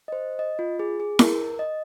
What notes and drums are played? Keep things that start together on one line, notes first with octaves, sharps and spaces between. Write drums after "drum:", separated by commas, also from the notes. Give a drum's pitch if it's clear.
D#5
C5
D#5
F4
G#4
G#4
A#4, drum: snare E4
D#5